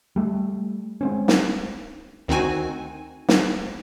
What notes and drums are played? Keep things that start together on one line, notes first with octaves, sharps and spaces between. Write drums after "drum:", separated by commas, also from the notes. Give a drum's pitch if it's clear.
G3 A3
G#3 C4 C#4
drum: snare
D2 D#3 C4 D#4 F#4 G#5
drum: snare